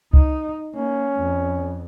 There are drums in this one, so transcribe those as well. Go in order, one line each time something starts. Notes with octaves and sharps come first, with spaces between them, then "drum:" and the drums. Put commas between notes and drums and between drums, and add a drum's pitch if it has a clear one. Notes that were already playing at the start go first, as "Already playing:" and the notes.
D#4, drum: kick C2
A#3 C#4
F2